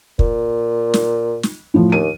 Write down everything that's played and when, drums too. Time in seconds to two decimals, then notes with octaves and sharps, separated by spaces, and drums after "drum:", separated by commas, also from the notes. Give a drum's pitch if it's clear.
0.19 A#2, drum: kick
0.94 drum: snare
1.43 drum: snare
1.74 A2 F3
1.92 D#2 D#7